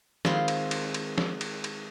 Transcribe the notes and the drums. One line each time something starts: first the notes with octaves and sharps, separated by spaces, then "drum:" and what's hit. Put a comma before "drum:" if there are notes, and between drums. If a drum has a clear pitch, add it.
D#3 G#3 C4 F4 B5 C6, drum: snare
drum: cymbal
drum: cymbal
drum: cymbal
drum: snare
drum: cymbal
drum: cymbal